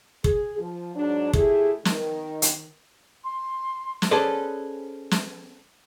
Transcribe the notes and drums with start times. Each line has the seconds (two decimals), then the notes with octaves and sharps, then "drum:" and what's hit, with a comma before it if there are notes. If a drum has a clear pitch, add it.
0.24 G#4, drum: kick
0.59 F3
0.95 G#2 F#3 D4
1.33 A3 E4 G4 G#4, drum: kick
1.85 D#3, drum: snare
2.42 drum: hi-hat
3.24 C6
4.02 drum: snare
4.11 C#4 G#4 A4 B4 C5 D5
5.11 drum: snare